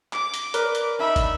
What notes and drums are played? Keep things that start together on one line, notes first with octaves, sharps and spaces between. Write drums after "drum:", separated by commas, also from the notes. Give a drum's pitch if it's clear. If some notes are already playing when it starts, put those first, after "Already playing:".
D6, drum: clap
drum: hi-hat
A#4 B4 D5, drum: hi-hat
drum: hi-hat
D4 D#4 E5 B5
drum: kick, hi-hat